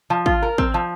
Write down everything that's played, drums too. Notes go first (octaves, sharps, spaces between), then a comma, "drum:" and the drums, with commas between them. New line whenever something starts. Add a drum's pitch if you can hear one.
F3
F4, drum: kick
A#4
C4, drum: kick
F3